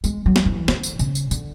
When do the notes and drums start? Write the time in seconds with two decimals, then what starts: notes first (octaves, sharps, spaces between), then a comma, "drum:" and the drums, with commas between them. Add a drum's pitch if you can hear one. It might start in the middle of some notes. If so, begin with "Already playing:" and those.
0.04 G#3, drum: tambourine
0.26 F#3
0.36 drum: snare
0.46 E3
0.68 D3, drum: snare
0.83 drum: tambourine
0.99 C#3, drum: tambourine
1.15 drum: tambourine
1.31 D3, drum: tambourine